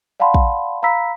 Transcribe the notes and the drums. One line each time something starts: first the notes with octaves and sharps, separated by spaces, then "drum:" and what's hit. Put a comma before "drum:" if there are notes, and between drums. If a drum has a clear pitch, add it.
D5 F5 F#5 A5 B5 C6
drum: kick
F5 A#5 B5 E6 B6